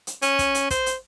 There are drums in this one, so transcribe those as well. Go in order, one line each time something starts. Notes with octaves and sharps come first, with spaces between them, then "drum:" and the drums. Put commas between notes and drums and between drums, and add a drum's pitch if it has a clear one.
drum: hi-hat
C#4, drum: hi-hat
drum: kick, hi-hat
drum: hi-hat
C5, drum: kick, hi-hat
drum: hi-hat